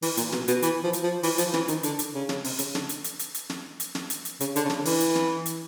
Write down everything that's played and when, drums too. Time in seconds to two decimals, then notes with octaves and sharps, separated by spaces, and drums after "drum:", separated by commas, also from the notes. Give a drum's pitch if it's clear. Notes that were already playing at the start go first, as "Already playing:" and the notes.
0.02 E3, drum: open hi-hat
0.17 A#2, drum: hi-hat
0.32 B2, drum: snare
0.48 B2, drum: hi-hat
0.62 E3, drum: hi-hat
0.84 F3
0.93 drum: hi-hat
1.03 F3
1.23 E3, drum: open hi-hat
1.38 F3, drum: hi-hat
1.53 E3, drum: snare
1.68 D#3, drum: hi-hat
1.83 D3, drum: hi-hat
1.99 drum: hi-hat
2.14 C#3
2.29 drum: snare
2.44 C3, drum: open hi-hat
2.59 C#3, drum: hi-hat
2.75 D3, drum: snare
2.89 drum: hi-hat
3.04 drum: hi-hat
3.19 drum: hi-hat
3.34 drum: hi-hat
3.50 drum: snare
3.80 drum: hi-hat
3.95 drum: snare
4.10 drum: hi-hat
4.25 drum: hi-hat
4.40 C#3, drum: hi-hat
4.56 D3, drum: hi-hat
4.65 C#3
4.70 D3, drum: snare
4.85 E3, drum: open hi-hat
5.00 drum: hi-hat
5.15 drum: snare
5.46 drum: hi-hat